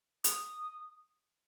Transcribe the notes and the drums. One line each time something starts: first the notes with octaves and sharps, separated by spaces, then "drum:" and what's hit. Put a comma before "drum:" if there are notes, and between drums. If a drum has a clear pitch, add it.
D#6, drum: hi-hat